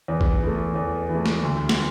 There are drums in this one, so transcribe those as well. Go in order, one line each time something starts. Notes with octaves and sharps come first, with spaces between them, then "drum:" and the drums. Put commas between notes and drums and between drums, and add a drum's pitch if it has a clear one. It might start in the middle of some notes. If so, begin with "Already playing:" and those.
E2
drum: kick A1
E3 A3
E2
E3
A3
drum: snare
D2
drum: snare